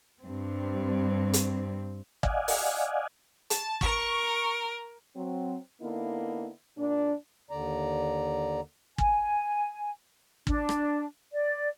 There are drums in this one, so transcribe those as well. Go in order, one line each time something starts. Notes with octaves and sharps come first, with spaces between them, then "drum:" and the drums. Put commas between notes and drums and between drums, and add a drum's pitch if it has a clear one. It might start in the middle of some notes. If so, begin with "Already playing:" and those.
G2 C4
drum: hi-hat
D5 D#5 F5 F#5 G#5, drum: kick
drum: open hi-hat
A5, drum: hi-hat
A#4 C#6, drum: kick
F#3 C4
D3 A#3 B3 D#4 E4
A#2 D4
D#2 D3 D5 A#5
G#5, drum: kick
D4, drum: kick
drum: rim click
D5